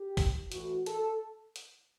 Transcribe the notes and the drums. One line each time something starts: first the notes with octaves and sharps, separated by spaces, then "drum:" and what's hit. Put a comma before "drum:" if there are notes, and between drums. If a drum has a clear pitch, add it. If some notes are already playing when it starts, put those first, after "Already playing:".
Already playing: G4
drum: kick A1, open hi-hat
A2 E3 F#4, drum: hi-hat
A4, drum: hi-hat
drum: hi-hat